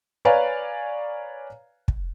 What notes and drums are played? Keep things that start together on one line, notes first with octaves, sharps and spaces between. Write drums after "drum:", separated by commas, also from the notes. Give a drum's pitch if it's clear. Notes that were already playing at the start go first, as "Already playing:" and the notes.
B4 C#5 D5 F5 G#5 A#5
drum: kick